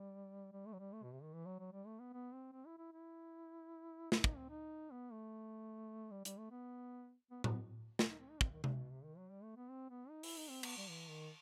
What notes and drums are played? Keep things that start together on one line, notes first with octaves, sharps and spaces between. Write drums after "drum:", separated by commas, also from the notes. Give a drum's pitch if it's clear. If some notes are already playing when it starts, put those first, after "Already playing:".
Already playing: G3
G3
A3
F#3
G3
A3
B2
C3
D#3
E3
F#3
F#3
G3
A3
B3
B3
C4
C4
E4
E4
E4
E4, drum: snare
D#4, drum: kick
C4
D#4
B3
A3
G3
G3, drum: hi-hat
A3
B3
B3
B3, drum: tom A2
drum: snare
D#4
C4
D#4
C4, drum: kick
D#3
C3, drum: tom C3
B2
C3
D#3
F#3
G3
A3
B3
C4
B3
D#4
E4, drum: open hi-hat
D#4
C4
B3, drum: cymbal
G3
E3
D#3